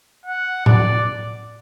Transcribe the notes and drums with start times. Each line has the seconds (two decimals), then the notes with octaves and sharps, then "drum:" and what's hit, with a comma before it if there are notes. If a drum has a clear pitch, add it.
0.26 F#5
0.66 D5, drum: tom A2